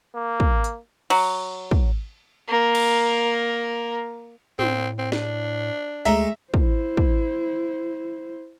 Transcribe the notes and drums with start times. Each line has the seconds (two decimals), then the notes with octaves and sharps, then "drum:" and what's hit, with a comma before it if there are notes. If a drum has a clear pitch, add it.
0.15 A#3
0.40 drum: kick
0.64 drum: hi-hat
1.10 F#3, drum: cymbal
1.71 drum: kick
2.48 A#3 A#4
2.75 drum: cymbal
4.59 A2 C4, drum: tom
4.98 C4
5.12 D4, drum: snare
6.05 D2 G#3 A3 E5 A#5, drum: hi-hat
6.54 E4 C5, drum: kick
6.97 drum: kick